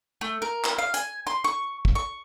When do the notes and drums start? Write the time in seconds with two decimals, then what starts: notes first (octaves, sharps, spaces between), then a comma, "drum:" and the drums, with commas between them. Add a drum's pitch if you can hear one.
0.21 A3
0.42 A#4
0.64 drum: clap
0.78 F5
0.94 G#5, drum: hi-hat
1.27 C6
1.44 C#6
1.85 drum: kick
1.95 C#6